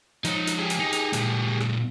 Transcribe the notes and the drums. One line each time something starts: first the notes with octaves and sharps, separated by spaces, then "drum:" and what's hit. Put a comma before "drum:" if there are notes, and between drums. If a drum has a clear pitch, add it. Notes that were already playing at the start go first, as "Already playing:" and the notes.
F3 D#4 C#5, drum: hi-hat
drum: hi-hat
G4 G#4
drum: hi-hat
D#4
drum: hi-hat
A#2 G#3, drum: hi-hat
drum: rim click